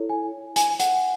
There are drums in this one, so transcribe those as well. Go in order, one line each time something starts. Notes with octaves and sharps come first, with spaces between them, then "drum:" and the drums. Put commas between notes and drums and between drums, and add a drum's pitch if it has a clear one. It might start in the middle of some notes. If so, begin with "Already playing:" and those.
Already playing: E4 A4 C#5
G#5
G#5, drum: hi-hat
F#5, drum: hi-hat